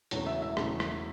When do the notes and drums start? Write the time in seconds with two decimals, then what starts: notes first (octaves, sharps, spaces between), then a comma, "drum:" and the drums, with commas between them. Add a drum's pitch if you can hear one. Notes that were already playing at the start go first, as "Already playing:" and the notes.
0.11 E1 E2 C#3 A3 C#5, drum: hi-hat
0.26 E5
0.42 E5
0.57 E1 E2 C#3 A3, drum: rim click
0.80 drum: rim click